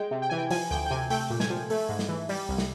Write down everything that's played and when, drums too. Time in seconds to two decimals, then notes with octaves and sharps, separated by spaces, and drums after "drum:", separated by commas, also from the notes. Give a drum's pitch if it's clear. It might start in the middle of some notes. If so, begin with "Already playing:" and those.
Already playing: G#3 G5
0.11 C3
0.22 G5
0.30 E3 G#5
0.38 G5
0.51 F3 G#5, drum: open hi-hat
0.71 D2 G5
0.86 G5
0.91 C3 G#5
1.10 A3 G5, drum: open hi-hat
1.30 A#2
1.40 G#5, drum: snare
1.50 F3
1.70 A3, drum: open hi-hat
1.89 G#2
1.99 drum: snare
2.08 E3
2.29 G3, drum: open hi-hat
2.49 C2
2.58 drum: snare